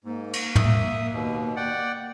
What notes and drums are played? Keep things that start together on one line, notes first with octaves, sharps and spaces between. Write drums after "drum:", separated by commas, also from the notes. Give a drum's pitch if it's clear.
G#2 A#3
C#6, drum: cymbal
E5 D#6, drum: tom
D#2 B2
D5 F#5 G5